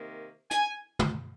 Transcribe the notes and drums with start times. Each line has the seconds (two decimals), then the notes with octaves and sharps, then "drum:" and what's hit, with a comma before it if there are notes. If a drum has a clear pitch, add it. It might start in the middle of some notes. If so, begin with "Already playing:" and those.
Already playing: C3 D#3 A#3
0.51 G#5, drum: hi-hat
0.99 drum: tom